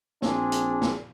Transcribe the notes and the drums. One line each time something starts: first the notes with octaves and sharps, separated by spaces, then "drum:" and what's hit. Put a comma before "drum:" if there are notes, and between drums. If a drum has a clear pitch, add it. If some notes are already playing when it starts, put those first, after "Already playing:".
A#1 C4 D4 G#4, drum: snare A#3
drum: hi-hat
drum: snare A#3